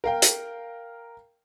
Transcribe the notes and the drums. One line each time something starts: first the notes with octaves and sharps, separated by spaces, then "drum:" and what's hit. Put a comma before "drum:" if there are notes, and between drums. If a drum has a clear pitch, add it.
A#4 F5 G5
drum: hi-hat